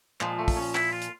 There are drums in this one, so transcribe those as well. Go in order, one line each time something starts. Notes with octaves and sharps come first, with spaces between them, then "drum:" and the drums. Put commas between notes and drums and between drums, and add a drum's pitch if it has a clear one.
A#2 F3 G#3, drum: clap
A3
drum: kick, open hi-hat
C#4
E4, drum: clap
F4
drum: hi-hat